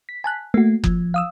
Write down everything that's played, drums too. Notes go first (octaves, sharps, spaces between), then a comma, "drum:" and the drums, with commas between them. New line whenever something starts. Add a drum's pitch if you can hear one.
B6
G#5 A5 F#6
A3 A#3 F#4
F3, drum: kick F#1
F5 D#6 E6